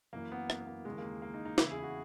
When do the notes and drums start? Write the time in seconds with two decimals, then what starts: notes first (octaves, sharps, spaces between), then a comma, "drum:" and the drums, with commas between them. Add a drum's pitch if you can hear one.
0.13 F#2 E3 A#3
0.32 B3
0.50 B3, drum: rim click
0.61 B3
0.67 A#3
0.85 D#2 C#3 E3 G#3
0.98 A#3
1.22 A#3
1.34 D#4
1.45 D#4
1.58 E2 C#3 E3 E4, drum: snare
1.71 G#4
1.77 E4
1.83 F#4